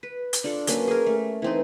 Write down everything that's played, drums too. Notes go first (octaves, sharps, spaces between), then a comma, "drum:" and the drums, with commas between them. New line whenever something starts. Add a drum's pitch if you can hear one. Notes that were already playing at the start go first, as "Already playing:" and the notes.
B4
drum: hi-hat
D4 F4 A4
F#3 A#3 C#4 B4, drum: hi-hat
G#4 A#4
A3
E3 C4 D#4